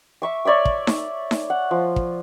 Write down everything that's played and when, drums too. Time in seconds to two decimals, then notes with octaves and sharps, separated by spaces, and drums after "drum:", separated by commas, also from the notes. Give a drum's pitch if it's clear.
0.22 E5 C#6 D6
0.45 C#5 D5 E5 D6
0.65 drum: kick
0.87 drum: snare D#4
1.31 drum: snare D#4
1.50 F#5
1.71 F3
1.96 drum: kick